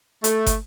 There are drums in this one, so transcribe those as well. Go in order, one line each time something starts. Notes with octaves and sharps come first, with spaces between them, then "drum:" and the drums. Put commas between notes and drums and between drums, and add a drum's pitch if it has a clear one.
A3, drum: hi-hat
drum: kick, hi-hat